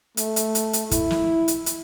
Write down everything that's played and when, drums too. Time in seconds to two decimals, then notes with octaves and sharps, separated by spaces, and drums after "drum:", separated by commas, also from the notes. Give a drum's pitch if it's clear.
0.17 A3, drum: hi-hat
0.36 drum: hi-hat
0.55 drum: hi-hat
0.73 drum: hi-hat
0.91 E4, drum: kick, hi-hat
1.11 drum: snare
1.48 drum: hi-hat
1.66 drum: hi-hat